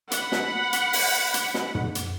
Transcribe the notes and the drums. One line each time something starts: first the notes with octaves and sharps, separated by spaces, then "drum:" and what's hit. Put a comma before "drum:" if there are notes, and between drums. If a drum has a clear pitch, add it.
F#5 B5, drum: hi-hat
drum: snare
drum: hi-hat
drum: open hi-hat
drum: hi-hat
drum: snare
drum: tom
drum: hi-hat